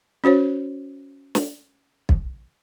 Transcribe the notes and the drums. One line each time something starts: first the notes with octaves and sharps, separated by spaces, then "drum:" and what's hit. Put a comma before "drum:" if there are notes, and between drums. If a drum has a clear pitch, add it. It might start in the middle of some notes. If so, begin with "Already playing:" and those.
C#4 F#4 C5 C#5
drum: snare
drum: kick